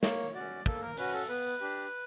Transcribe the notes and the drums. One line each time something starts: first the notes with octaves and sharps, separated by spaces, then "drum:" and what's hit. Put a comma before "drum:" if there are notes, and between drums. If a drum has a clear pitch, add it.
A#3 C#5, drum: snare
C#4 F#4 D5
A#3 A4, drum: kick
A#4
C#4 F#4 B4, drum: open hi-hat
A4
B3 B4
D4 G4